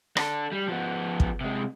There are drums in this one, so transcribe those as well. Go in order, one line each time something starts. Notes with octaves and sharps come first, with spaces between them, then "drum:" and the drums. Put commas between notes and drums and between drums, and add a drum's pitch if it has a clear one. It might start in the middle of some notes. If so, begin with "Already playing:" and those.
D4 A4, drum: rim click
G3
F3 B3
drum: kick
C3 G#3